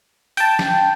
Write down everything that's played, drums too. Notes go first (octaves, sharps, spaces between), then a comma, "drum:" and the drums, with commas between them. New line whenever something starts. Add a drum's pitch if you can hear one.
G5 A5, drum: hi-hat
drum: snare